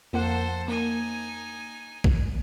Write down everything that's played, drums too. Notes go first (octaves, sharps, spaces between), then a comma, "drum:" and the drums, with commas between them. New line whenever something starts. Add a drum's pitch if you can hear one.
F2 A#3 A4 C5 F#5
A#3 D#4 G#5
drum: kick A#1